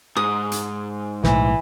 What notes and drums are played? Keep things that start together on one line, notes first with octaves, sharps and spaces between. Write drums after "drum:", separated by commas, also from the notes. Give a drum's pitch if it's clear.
G#2 D#6
drum: hi-hat
B1 A2 E3, drum: snare